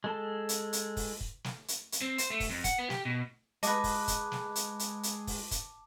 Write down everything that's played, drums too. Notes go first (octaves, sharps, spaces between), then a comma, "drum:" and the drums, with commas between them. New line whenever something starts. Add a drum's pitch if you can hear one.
G#3 A4 A5
drum: hi-hat
drum: hi-hat
drum: kick, open hi-hat
drum: kick
drum: snare
drum: hi-hat
drum: hi-hat
C4
C5, drum: hi-hat
A3
drum: kick, open hi-hat
F2
F#5, drum: kick, hi-hat
B3
G4, drum: snare
B2
G#3 B4 D#5 A5 D6, drum: hi-hat
drum: kick, open hi-hat
drum: kick, hi-hat
drum: snare
drum: hi-hat
drum: hi-hat
drum: hi-hat
drum: kick, open hi-hat
drum: kick, hi-hat